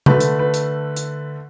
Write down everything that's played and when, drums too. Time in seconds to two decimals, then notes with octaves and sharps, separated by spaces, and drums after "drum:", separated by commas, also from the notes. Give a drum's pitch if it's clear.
0.06 D3 A3 B4, drum: tom C3
0.20 drum: hi-hat
0.39 B4
0.54 drum: hi-hat
0.96 drum: hi-hat